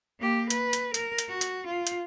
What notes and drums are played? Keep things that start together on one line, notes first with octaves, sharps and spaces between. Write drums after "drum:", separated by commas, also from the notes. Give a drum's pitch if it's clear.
A#3 G4
B4, drum: hi-hat
drum: hi-hat
A#4, drum: hi-hat
drum: hi-hat
F#4
drum: hi-hat
F4
drum: hi-hat